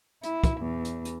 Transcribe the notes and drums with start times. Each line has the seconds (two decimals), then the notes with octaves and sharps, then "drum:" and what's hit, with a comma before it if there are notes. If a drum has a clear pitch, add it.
0.23 E4, drum: hi-hat
0.44 drum: kick, hi-hat
0.60 E2
0.84 drum: hi-hat
1.05 drum: hi-hat